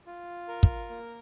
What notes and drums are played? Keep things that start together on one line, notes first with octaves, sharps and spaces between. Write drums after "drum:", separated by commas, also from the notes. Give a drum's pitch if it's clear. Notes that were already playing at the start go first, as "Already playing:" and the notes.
F4
A#4
drum: kick
A#3